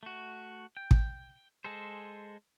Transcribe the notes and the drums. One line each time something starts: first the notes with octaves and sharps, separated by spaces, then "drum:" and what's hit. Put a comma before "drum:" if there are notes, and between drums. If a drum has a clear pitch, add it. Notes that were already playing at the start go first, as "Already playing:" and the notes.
A3 F#4
G5
drum: kick
G#3 G#4 A4 C5